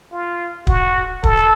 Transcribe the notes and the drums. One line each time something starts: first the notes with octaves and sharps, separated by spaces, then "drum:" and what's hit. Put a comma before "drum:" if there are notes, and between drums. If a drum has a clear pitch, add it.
F4
F#4, drum: kick
A4, drum: kick